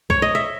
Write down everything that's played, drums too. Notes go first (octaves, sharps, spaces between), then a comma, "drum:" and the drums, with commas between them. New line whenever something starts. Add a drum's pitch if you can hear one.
C#5, drum: kick C2
D#5
E5